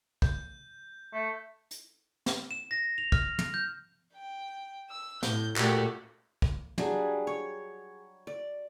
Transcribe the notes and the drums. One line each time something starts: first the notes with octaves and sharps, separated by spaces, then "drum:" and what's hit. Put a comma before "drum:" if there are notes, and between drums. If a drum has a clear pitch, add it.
G6, drum: kick
A3
drum: hi-hat
drum: snare
E7
A#6
F7
F6, drum: kick
drum: tom
G6
G5
E6
A2 G6, drum: snare
A#2 A3 F#4 G4, drum: clap
drum: kick
F#3 G3 D4 G#4, drum: tom
C#5
D5